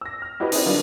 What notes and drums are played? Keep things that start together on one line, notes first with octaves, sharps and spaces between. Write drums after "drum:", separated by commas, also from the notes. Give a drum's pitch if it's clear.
E6 A#6
F6
E4 F#4 G4 B4 D#5 B5
C4 D#4 E4 G#4 B4 D5, drum: open hi-hat
D3 F#3 G3 D4 F4 A#4